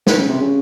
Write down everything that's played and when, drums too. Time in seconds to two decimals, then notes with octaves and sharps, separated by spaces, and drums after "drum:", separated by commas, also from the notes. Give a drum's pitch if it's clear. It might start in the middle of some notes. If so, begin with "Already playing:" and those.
0.07 D#3, drum: snare
0.18 C#3
0.29 C3
0.41 C#3